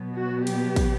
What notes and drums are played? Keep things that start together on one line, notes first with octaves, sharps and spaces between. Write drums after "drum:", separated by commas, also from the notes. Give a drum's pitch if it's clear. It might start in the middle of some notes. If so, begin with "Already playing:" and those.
Already playing: B2 F#3 B3
F#4
G4, drum: cymbal
drum: kick, cymbal